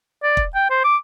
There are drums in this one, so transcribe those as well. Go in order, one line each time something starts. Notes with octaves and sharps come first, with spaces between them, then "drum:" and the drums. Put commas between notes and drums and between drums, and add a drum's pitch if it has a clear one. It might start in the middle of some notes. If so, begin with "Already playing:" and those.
D5
drum: kick
G5
C5
D6